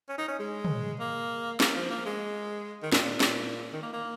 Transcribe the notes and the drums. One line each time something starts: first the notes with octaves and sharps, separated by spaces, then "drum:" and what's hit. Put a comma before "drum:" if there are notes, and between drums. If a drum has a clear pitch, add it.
C#4
D#4
C#4
G#3
drum: tom
A#3
A#3, drum: snare
F3
A#3
G#3
D#3
A#2, drum: snare
A#2
drum: snare
D#3
A#3
A#3